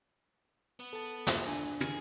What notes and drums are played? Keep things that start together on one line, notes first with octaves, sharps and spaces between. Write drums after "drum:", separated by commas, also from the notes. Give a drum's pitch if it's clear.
B3
A4 A5
drum: snare
D4 G#5
G#4, drum: tom